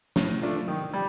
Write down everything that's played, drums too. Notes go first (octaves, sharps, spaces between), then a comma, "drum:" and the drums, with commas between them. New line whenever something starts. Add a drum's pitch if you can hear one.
A2, drum: snare
A3 D4 F4
D#3
G3